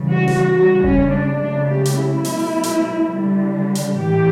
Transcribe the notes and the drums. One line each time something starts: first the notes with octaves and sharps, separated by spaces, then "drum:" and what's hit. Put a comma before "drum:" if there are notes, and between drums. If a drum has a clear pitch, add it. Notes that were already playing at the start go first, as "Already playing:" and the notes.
Already playing: C#3 E3 G3
F#4
drum: snare
C#3 G3 F#4
C#4, drum: kick F1
D4
C#3 F#3 A3 D4
G4
drum: hi-hat
E4
B2 F#3 A3, drum: open hi-hat
drum: hi-hat
G3
D3
drum: hi-hat
A2 E3 A3 G4